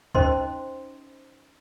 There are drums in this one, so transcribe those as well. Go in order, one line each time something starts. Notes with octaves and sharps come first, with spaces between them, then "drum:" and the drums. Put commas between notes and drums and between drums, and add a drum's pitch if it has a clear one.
C#4 D#4 C5 D#5 C6, drum: kick C#2